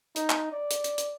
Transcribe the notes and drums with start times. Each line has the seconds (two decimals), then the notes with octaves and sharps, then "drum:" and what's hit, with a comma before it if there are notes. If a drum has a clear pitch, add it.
0.16 D#4, drum: hi-hat
0.30 drum: clap
0.52 D5
0.71 drum: hi-hat
0.84 drum: hi-hat
0.98 drum: hi-hat